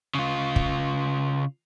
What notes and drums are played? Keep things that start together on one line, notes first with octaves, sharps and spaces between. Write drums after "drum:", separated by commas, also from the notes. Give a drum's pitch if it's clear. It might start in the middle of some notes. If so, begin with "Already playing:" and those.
C#3 F4
drum: kick